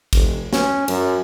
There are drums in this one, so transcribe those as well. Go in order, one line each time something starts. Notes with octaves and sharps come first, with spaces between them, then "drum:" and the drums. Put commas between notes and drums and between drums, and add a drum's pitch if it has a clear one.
F1, drum: kick A1, cymbal
C#4, drum: snare
F#2, drum: cymbal